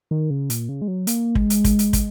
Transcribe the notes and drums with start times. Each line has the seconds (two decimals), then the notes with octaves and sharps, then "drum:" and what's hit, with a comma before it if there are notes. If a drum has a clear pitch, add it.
0.11 D#3
0.30 C#3
0.50 A#2, drum: hi-hat
0.69 C#3
0.82 G#3
0.88 F#3
1.07 A#3, drum: hi-hat
1.35 G#3, drum: kick
1.50 drum: hi-hat
1.64 drum: kick, hi-hat
1.79 drum: hi-hat
1.93 drum: kick, hi-hat